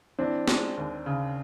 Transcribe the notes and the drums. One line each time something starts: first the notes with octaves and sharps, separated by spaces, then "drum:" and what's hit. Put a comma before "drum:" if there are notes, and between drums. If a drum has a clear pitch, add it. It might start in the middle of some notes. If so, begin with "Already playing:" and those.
E3 C4 D4
G#3, drum: snare
D#2
C#3